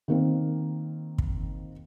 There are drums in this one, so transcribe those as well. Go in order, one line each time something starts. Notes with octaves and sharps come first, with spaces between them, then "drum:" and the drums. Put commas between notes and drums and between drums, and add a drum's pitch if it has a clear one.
D#3 A#3 C4
drum: kick